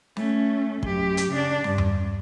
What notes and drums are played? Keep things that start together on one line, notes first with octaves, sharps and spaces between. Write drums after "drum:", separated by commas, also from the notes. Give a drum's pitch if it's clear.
A3 C#4, drum: snare
F#2 G4, drum: kick
drum: hi-hat
C#3 D4
G2, drum: snare
drum: tom E2